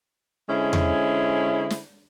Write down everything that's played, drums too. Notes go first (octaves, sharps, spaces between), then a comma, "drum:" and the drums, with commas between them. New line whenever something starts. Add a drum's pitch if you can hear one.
D3 G#3 C#4 E4 C5
drum: tom E2
drum: snare